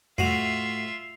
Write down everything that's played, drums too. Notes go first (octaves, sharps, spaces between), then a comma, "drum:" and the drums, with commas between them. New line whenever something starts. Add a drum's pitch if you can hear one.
A2 F4 F#4 E5 C7 F7, drum: tom E2